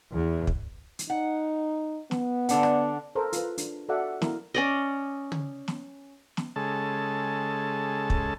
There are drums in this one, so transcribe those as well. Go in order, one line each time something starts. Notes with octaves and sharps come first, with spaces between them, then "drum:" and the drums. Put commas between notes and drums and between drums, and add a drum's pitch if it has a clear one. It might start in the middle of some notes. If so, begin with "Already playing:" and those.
E2
drum: kick
drum: hi-hat
D#4 F#5
B3, drum: snare
D3 D4 F#5, drum: hi-hat
drum: rim click
A4 A#4 C5
F4 B4, drum: hi-hat
D4, drum: hi-hat
F#4 A4 D5 E5 F#5
E4 A#4, drum: snare
C#4 D5 D#5
drum: tom
drum: snare
drum: snare
C#3 G#3 A4 A5
drum: kick